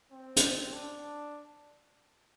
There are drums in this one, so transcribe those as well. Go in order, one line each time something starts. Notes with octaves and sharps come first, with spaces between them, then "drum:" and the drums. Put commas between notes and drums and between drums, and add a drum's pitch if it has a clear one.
C4
drum: hi-hat
D4